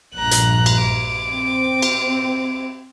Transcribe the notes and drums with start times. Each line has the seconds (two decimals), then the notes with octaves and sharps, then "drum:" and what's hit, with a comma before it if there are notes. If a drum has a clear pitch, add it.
0.15 A#1 G2 A#5 F#6
0.31 drum: hi-hat
0.66 drum: cymbal
0.81 D6
1.29 C4
1.82 drum: cymbal